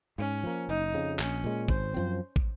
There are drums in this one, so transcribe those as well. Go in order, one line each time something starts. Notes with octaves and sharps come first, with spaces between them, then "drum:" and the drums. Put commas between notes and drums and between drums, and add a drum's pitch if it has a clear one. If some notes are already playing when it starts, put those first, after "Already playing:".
G#2 C#4
F3 A#3
F#1 D#4
F2 C#3
A#1 C#4, drum: clap
A#2 G#3
G#1 C5, drum: kick
F#2 F3 C4
drum: kick